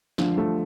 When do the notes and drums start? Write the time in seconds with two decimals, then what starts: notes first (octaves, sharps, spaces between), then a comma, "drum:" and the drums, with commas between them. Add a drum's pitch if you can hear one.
0.18 D3 F3, drum: snare
0.37 F3 A3